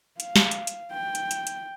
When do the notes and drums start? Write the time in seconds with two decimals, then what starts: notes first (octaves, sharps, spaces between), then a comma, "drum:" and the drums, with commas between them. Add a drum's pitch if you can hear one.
0.20 F5, drum: hi-hat
0.36 drum: snare
0.51 drum: hi-hat
0.67 drum: hi-hat
0.92 G5
1.15 drum: hi-hat
1.31 drum: hi-hat
1.47 drum: hi-hat